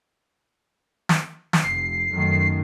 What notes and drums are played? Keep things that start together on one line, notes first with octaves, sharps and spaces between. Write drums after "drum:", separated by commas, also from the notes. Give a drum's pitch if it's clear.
drum: snare
drum: snare
F1 C7
F#2 D#3 A3